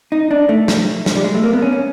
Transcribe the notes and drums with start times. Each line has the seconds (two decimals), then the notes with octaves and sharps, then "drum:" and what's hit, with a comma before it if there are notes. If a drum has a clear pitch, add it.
0.12 D#4
0.31 D4
0.49 A3
0.68 drum: snare
1.06 G#3, drum: snare
1.16 G3
1.24 G#3
1.35 A3
1.43 A#3
1.53 B3
1.62 C#4
1.72 C#4